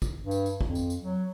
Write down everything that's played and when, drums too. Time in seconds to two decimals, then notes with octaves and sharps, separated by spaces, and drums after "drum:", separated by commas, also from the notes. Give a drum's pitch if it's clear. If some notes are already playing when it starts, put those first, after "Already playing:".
0.02 drum: kick, tambourine
0.20 G2
0.31 drum: tambourine
0.46 drum: tambourine
0.61 F2, drum: kick
0.75 drum: tambourine
0.90 drum: tambourine
1.01 F#3